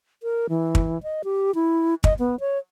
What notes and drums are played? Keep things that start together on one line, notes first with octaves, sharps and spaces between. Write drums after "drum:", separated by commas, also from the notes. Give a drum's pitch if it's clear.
A#4
E3
drum: kick
D#5
G4
E4
D#5, drum: kick
B3
C#5